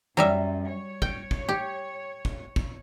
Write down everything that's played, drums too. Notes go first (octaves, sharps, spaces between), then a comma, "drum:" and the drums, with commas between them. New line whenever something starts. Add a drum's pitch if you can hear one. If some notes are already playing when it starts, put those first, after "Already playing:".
F#2 F#3 G3 E5
C#5
G5, drum: kick
drum: kick
G4
drum: kick
drum: kick